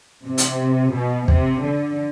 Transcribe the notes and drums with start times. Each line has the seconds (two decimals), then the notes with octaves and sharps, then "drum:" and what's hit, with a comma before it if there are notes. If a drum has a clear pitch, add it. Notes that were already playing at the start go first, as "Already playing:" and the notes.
0.24 C3
0.38 drum: hi-hat
0.93 B2
1.28 C3, drum: kick
1.62 D3